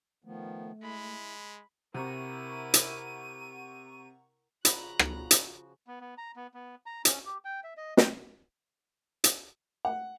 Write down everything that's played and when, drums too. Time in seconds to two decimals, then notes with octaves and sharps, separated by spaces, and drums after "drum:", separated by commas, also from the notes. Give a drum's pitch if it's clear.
0.24 D#3 F3 A3 B3
0.83 G#3 E4 B5
1.94 C3 E4 A#4 F#5 A#5 C#6 D#7
2.74 drum: hi-hat
4.65 C#3 F3 F4 F#4 D5 A#5 B5 F#6, drum: hi-hat
4.99 drum: rim click
5.31 drum: hi-hat
5.87 B3
6.01 B3
6.18 A#5
6.36 B3
6.54 B3
6.86 A#5
7.05 C#4, drum: hi-hat
7.25 G4
7.45 G5
7.64 E5
7.77 D#5
7.97 G5, drum: snare
9.24 drum: hi-hat
9.85 F#5